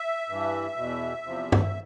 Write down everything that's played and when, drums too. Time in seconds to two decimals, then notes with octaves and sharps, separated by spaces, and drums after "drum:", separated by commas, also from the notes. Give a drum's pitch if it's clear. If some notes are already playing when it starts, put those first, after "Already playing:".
Already playing: E5
0.29 G2 E3
0.76 E2 B2
1.23 E2 C3 F3
1.52 drum: tom